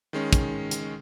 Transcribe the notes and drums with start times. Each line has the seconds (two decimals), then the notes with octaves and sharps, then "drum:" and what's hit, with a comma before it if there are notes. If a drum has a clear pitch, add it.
0.13 D#3 G#3 C#4
0.33 drum: kick, hi-hat
0.71 drum: hi-hat